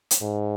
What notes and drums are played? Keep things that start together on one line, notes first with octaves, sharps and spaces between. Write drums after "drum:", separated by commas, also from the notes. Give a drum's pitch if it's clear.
drum: hi-hat
G#2